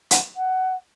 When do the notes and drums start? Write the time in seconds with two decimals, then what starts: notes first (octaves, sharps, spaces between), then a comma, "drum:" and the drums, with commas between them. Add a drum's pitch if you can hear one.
0.11 F#5, drum: hi-hat
0.36 F#5